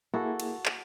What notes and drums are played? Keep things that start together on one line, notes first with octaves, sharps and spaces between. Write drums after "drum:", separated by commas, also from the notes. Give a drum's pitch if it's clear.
A#3 E4 F#4 G#4 A4
drum: cymbal
drum: clap